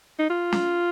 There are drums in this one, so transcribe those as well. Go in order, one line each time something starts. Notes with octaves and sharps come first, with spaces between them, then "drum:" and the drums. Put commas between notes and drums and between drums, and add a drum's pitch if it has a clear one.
D#4
F4
drum: snare